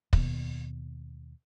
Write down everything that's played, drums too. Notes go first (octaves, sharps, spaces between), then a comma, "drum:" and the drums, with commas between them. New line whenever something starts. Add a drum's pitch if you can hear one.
D#2 B2, drum: kick